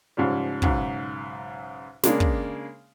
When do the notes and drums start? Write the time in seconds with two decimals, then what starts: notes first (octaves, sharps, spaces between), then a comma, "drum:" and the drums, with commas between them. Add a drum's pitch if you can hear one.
0.17 G#2 C#3 F3 G3
0.62 B1 G#2 C#3, drum: kick
2.03 C#3 G#3 A#3 D4, drum: snare
2.20 drum: kick